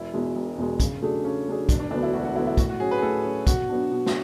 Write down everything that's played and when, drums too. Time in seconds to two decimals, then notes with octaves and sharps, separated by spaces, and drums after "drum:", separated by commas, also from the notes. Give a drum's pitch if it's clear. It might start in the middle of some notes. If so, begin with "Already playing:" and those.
Already playing: E1 E4
0.14 E2 B2 G#3
0.35 E1
0.58 E2 B2 G#3
0.80 C#3, drum: kick, hi-hat
1.02 F#3 A3 D4 G#4
1.24 C#3 C#4
1.47 F#3 A3 D4 G#4
1.69 E1 D4, drum: kick, hi-hat
1.80 D4
1.91 D2 D3 F#3 B3 D4
2.03 E4
2.13 E1 F#4
2.25 F#4
2.36 D2 D3 F#3 B3 E4
2.47 E4
2.57 A2 F#4, drum: kick, hi-hat
2.69 F#4
2.80 F#3 C#4 G#4
2.91 B4
2.98 G#4
3.02 A2 A4
3.25 F#3 C#4
3.47 B2 F#4, drum: kick, hi-hat
3.69 F#3 B3 D4
3.92 B2
4.06 drum: snare